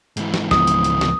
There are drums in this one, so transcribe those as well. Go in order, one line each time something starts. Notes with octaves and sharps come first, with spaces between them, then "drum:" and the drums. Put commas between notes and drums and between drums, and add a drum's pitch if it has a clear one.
G#2 E3, drum: hi-hat
drum: snare
C#2 F3 B3 D#6, drum: snare
drum: hi-hat
drum: hi-hat
drum: snare